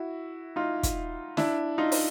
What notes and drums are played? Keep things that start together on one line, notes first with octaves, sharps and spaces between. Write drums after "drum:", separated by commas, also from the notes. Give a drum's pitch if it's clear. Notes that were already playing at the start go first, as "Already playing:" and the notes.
Already playing: E4 F#4
D#4 F4
drum: kick, hi-hat
D4 E4, drum: snare
D#4 F4
drum: open hi-hat